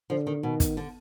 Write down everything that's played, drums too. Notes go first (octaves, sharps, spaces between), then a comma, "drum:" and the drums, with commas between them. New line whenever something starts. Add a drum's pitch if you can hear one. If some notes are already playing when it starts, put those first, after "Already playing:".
D3 F3
D#3
B2 D#3
drum: kick, hi-hat
D3